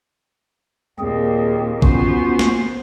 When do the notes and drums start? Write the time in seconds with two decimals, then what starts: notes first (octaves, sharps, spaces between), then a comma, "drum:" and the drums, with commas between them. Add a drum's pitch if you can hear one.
0.99 D#2 A#2 C4 G#4
1.82 B3 C#4 F4 F#4 C5, drum: kick A1
2.39 drum: snare